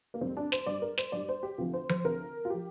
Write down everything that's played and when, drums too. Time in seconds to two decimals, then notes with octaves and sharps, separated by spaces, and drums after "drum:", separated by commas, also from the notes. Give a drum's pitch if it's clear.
0.14 A#3
0.21 F2 C3 G3 C4
0.37 D4
0.52 C5, drum: snare
0.67 G2 G3 D5
0.82 A#4
0.98 C5, drum: snare
1.12 G2 G3 D5
1.29 C5
1.43 G4
1.58 D2 C3 F3 F4
1.73 C5
1.89 C5, drum: tom F3
2.04 D2 C3 F3 A#4
2.45 F4
2.50 F3 G4